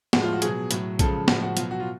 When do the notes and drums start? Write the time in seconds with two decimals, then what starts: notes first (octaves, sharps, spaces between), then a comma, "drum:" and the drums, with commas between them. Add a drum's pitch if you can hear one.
0.13 A2 F3 G#3 F#4, drum: snare
0.23 F4
0.33 F#4
0.42 B2 F#3 G#4, drum: hi-hat
0.71 A2 F#3, drum: hi-hat
0.99 C#3 F3 G#3 A4, drum: kick, hi-hat
1.28 A2 F3 G#3 F#4, drum: snare
1.43 F#4
1.57 B2 F#3 F4, drum: hi-hat
1.71 F#4
1.80 F4